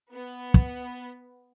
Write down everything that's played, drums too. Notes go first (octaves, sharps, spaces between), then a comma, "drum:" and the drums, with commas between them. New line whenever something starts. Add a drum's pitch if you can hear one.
B3
drum: kick